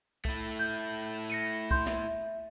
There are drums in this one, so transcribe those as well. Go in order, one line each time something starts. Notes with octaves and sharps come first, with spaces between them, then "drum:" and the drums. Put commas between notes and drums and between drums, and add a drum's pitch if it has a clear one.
A3 E4, drum: kick
G6
A#6 C#7 D#7
C6 G6, drum: kick
E5, drum: snare